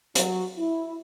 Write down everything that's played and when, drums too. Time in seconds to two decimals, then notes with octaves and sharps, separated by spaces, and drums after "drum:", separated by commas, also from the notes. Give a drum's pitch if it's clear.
0.15 F#3, drum: hi-hat
0.57 E4